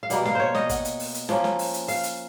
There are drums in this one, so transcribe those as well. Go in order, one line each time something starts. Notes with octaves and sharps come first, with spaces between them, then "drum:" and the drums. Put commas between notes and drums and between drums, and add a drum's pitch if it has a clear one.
F5
B2 G3 A#3 F#5, drum: hi-hat
F5, drum: snare
C5 C#5
D#5, drum: snare
F#5, drum: kick, hi-hat
drum: hi-hat
drum: open hi-hat
drum: hi-hat
F3 A#3 C#4, drum: snare
drum: snare
drum: open hi-hat
drum: hi-hat
F5, drum: open hi-hat
drum: hi-hat